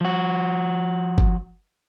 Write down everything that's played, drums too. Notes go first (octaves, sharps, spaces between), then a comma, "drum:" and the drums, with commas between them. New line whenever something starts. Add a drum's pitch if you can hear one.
F3 F#4
drum: kick